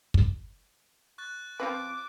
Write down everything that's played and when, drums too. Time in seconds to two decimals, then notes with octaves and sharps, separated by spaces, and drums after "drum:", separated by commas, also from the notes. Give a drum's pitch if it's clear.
0.14 drum: kick
1.18 C#6 F#6 A6
1.60 F3 C4 B4 D6